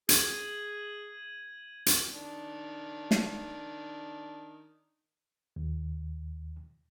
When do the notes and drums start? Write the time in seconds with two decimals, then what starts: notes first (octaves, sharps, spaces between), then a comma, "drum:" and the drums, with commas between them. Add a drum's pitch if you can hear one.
0.09 G#4 G#6 D#7 F#7, drum: hi-hat
1.86 drum: hi-hat
2.13 D#3 D4
3.11 drum: snare
5.56 D#2